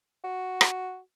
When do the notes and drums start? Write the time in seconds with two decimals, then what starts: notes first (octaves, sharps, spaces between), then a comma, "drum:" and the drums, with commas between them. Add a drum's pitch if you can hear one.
0.24 F#4
0.61 drum: rim click